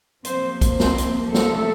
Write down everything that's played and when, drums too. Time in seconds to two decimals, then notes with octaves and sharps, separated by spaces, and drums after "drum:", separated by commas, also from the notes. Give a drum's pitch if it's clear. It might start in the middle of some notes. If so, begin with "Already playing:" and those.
0.25 C3 F3 A#3 C4 C5, drum: hi-hat
0.61 drum: kick, hi-hat
0.80 C4 C5, drum: snare
0.98 drum: hi-hat
1.34 A3 A4, drum: snare